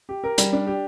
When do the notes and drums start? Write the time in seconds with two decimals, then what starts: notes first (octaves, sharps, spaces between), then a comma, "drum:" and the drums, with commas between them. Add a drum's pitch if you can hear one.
0.09 G4
0.24 A#4
0.38 G3, drum: hi-hat
0.53 D4
0.67 G4